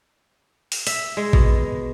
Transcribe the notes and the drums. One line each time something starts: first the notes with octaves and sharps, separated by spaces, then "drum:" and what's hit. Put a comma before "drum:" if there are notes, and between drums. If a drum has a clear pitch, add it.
drum: open hi-hat
E5, drum: open hi-hat
G#3
B2, drum: kick A1